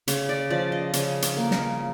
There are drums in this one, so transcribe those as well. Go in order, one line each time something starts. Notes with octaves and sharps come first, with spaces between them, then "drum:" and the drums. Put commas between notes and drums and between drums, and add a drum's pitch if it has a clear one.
C#3 C#5, drum: hi-hat
D5
F3 D5
D#5
C#3, drum: hi-hat
drum: hi-hat
A#3
drum: snare